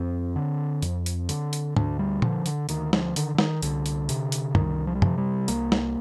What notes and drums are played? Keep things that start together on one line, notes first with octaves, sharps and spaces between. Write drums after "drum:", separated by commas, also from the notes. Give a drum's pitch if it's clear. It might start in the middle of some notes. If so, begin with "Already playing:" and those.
Already playing: F2 C4
D3
F2, drum: hi-hat
drum: hi-hat
D3, drum: hi-hat
drum: hi-hat
D2 D4, drum: tom G#2
G3
D3 F3, drum: tom A#2
D3, drum: hi-hat
D2 D#3, drum: hi-hat
F3, drum: snare
D3 D#3, drum: hi-hat
D3
D#3, drum: snare
C2 D3, drum: hi-hat
drum: hi-hat
C3, drum: hi-hat
drum: hi-hat
C2 D#3, drum: tom
F3
G3
C3 F3, drum: tom
G3
C2 A#3, drum: hi-hat
drum: snare